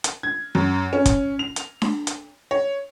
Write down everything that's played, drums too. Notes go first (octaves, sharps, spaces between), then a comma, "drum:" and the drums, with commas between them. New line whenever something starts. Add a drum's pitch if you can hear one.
drum: hi-hat
G#6
F#2
C#4
drum: kick, hi-hat
F7
drum: hi-hat
drum: snare D4
drum: hi-hat
C#5